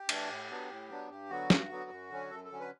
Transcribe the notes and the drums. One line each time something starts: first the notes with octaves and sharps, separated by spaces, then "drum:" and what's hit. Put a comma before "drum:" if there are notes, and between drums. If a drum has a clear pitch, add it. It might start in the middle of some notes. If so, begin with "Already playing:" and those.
Already playing: G4
E3 A3 D4, drum: cymbal
A2
F#3 B3 D4
A2
F#3 B3 D4
G2 G4
D3 F#3 B3 F#4
G2, drum: snare
D3 F#3 B3
F#2
D3 F#3 C#4
F#2 A4
A4
D3 F#3 C#4
B4